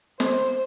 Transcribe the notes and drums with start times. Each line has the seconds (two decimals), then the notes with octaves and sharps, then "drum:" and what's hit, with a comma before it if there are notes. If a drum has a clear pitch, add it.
0.20 C5, drum: snare